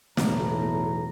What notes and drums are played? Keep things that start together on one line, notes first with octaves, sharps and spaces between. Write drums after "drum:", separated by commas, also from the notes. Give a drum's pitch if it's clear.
B1 E2 A2 A#5, drum: snare